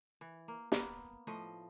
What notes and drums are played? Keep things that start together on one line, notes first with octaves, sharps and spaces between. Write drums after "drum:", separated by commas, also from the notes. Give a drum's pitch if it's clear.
E3
A#3
A#3 B3, drum: snare
A2 F3 D#5